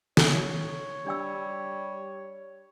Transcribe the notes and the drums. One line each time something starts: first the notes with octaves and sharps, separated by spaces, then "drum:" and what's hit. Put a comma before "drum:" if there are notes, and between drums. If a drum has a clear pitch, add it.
A4 C#5, drum: snare
G3 D4 G5 E6